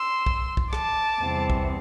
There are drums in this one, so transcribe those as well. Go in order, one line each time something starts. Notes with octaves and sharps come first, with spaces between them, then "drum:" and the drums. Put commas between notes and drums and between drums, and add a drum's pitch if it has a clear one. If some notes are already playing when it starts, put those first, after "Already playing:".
Already playing: C6 E6
drum: kick
drum: kick
A5 D6, drum: rim click
E2 C3 G3 C4
drum: kick